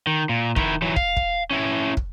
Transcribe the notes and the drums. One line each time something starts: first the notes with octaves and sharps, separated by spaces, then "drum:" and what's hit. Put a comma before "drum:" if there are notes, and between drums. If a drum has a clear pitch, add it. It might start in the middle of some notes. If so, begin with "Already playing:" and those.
D#3
A#2
D#3 E4, drum: kick
E3 F#3
F5, drum: kick
drum: kick
C#4 E4
drum: kick